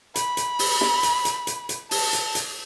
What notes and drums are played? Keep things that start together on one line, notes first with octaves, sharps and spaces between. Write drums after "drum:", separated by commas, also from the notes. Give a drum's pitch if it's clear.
B5, drum: hi-hat
drum: hi-hat
drum: open hi-hat
drum: snare
drum: hi-hat
drum: hi-hat
drum: hi-hat
drum: hi-hat
A5, drum: open hi-hat
drum: hi-hat
drum: hi-hat